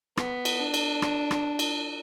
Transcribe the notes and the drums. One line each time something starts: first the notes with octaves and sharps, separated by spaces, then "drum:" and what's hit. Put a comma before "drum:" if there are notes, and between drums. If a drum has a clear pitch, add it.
B3, drum: rim click
drum: cymbal
D4
drum: cymbal
drum: rim click
drum: rim click
drum: cymbal